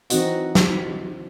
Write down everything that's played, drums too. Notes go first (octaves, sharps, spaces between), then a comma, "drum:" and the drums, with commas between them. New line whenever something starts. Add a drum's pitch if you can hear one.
E3 C4 D#4 F#4 D#5 F#5, drum: hi-hat
drum: snare